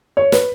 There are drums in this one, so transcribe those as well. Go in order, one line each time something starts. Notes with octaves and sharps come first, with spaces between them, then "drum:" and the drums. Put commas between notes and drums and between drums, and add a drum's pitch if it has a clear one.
C#5
B4, drum: snare